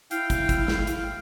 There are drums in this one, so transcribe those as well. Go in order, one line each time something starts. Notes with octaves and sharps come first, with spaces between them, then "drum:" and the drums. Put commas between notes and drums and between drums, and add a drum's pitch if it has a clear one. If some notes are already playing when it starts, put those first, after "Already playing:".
E4 F5 G5, drum: hi-hat
drum: kick, hi-hat
drum: kick, hi-hat
drum: snare
drum: hi-hat